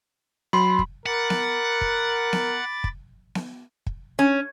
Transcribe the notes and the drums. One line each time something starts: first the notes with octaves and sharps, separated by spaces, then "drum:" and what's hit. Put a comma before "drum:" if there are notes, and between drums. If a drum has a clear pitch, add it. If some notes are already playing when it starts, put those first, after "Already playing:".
F#3 B5 C6
drum: kick
A#4 F#5 B5 D6 A6
drum: snare B3
drum: kick
drum: snare B3
drum: kick
drum: snare B3
drum: kick
C#4